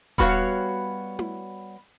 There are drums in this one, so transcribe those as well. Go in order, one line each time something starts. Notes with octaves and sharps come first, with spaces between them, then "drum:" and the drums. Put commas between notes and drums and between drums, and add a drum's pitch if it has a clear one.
G3 B3 F#4 C5 C#5 F5, drum: kick D#1
drum: tom E4